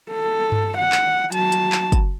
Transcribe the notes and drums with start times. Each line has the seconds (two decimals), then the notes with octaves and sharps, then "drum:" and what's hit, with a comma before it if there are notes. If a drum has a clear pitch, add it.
0.11 A4
0.52 drum: tom G2
0.78 F#5
0.92 drum: clap
1.32 F#3 A5, drum: hi-hat
1.52 drum: hi-hat
1.72 drum: clap
1.92 drum: kick, hi-hat